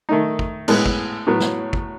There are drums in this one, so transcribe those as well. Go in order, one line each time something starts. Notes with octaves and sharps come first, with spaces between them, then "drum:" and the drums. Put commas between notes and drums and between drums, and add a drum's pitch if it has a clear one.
D#3 A3 D#4
drum: kick
A2 G#3 B3, drum: cymbal
drum: kick
A2 F#3 B3
drum: snare
drum: kick